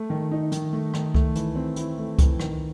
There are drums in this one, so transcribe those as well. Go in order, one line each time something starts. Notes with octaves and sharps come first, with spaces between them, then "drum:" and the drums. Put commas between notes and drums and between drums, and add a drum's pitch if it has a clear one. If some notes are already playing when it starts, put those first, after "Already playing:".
Already playing: A3
D#3
D#4
D#3, drum: hi-hat
A3
D#3, drum: rim click
A3, drum: kick C#2
E3, drum: hi-hat
C4
E4, drum: hi-hat
A3
E3, drum: kick C#2, hi-hat
D#3, drum: rim click